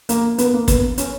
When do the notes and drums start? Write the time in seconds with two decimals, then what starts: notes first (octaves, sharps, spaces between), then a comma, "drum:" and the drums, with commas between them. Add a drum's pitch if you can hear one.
0.09 A#3, drum: hi-hat
0.38 B3, drum: hi-hat
0.54 A#3
0.68 B3, drum: kick, hi-hat
0.98 C#4, drum: hi-hat